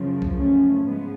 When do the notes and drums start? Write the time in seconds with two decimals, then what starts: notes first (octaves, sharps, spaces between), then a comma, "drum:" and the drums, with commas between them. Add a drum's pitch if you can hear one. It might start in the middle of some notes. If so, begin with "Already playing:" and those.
Already playing: F#2 C#3 F3
0.22 drum: kick C2
0.38 A3 C#4
0.86 G#2 F3 G#3 B3